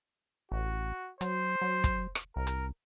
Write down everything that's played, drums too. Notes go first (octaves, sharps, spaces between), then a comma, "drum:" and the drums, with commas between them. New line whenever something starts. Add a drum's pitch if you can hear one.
A1 F#4
F#3 C5, drum: hi-hat
F#3
drum: kick, hi-hat
drum: rim click
C2 A#4
drum: hi-hat